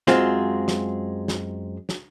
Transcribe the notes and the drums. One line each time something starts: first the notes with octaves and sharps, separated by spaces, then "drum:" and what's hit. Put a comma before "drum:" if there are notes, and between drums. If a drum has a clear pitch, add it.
F#2 G#3 C4 F4, drum: snare
drum: snare
drum: snare
drum: snare